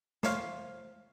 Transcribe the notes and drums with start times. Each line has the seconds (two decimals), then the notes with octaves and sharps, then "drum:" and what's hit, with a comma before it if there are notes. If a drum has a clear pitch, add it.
0.23 C5 C#5 F5, drum: snare